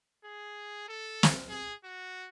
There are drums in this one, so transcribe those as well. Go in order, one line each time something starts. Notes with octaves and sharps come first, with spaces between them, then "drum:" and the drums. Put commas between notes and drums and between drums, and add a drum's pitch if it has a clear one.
G#4
A4
drum: snare
G#4
F#4